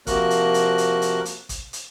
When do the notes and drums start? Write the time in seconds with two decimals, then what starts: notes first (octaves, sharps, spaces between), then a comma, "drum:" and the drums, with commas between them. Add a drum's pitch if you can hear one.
0.07 C3 F3 A#3 F#4 A#4 F#6, drum: kick, hi-hat
0.30 drum: hi-hat
0.54 drum: hi-hat
0.78 drum: hi-hat
1.02 drum: hi-hat
1.25 drum: hi-hat
1.49 drum: kick, hi-hat
1.73 drum: hi-hat